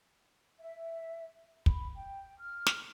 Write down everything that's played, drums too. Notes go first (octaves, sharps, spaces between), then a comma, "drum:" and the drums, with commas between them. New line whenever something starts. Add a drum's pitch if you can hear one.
E5
B5, drum: kick
G5
F6
drum: snare